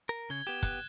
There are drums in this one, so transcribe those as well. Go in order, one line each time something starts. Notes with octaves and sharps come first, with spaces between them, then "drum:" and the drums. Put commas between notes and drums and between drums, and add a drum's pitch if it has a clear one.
A#4
C#3 G#6 G7
B3 G4 G#6 E7
F#6, drum: kick, hi-hat